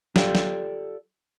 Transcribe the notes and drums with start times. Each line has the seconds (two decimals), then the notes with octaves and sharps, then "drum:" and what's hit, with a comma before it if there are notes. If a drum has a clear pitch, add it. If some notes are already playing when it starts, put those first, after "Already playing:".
0.16 F4 G4 A4 D5 F5 G5, drum: snare
0.35 drum: snare